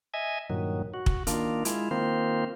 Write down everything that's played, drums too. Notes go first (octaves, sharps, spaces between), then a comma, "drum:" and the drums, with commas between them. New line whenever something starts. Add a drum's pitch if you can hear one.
D#5 E5 G#5
G2 A#2 D#3 F#3
F#4
drum: kick
D#3 A#3 D4 F4, drum: hi-hat
G#3 E4 F4, drum: hi-hat
D#3 A#3 C4 F4 C5